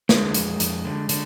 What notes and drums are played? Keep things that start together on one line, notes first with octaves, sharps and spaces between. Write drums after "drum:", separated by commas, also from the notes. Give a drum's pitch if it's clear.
D3 G#3, drum: snare
F2, drum: hi-hat
F2, drum: hi-hat
D3
D3, drum: hi-hat